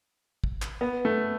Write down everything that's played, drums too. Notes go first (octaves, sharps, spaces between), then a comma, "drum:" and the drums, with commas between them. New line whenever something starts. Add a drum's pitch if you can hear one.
drum: kick
drum: clap
B3
A3